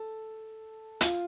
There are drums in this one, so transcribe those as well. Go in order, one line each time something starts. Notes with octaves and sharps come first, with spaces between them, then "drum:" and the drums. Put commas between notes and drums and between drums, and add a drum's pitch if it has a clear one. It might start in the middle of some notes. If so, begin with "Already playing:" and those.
Already playing: A4
F4, drum: hi-hat